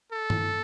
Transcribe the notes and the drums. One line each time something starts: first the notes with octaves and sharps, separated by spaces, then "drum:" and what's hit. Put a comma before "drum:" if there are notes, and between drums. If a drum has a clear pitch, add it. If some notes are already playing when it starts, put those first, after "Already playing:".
A4
drum: tom G2